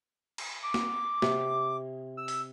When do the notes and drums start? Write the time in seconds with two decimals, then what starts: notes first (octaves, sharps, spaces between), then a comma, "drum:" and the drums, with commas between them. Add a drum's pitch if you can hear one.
0.38 drum: cymbal
0.63 D6
0.74 drum: snare
1.22 C3, drum: snare
2.17 E6
2.28 drum: open hi-hat